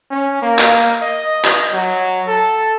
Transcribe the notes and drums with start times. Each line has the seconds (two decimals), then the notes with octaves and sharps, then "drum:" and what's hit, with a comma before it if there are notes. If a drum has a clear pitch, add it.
0.10 C#4
0.42 A#3
0.59 drum: clap
1.02 D#5
1.45 drum: clap
1.72 F#3
2.27 A4